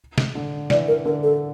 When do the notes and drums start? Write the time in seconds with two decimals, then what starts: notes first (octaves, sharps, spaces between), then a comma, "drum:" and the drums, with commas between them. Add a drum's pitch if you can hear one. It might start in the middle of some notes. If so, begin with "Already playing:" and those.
0.18 drum: snare
0.35 D3
0.70 E3 D5, drum: snare
0.88 A#4
1.05 D3 A#4
1.23 A4